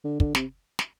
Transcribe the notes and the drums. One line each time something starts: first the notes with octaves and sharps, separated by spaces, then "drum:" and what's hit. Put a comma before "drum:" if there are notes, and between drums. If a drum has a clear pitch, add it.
D3
D3, drum: kick
C3, drum: snare
drum: snare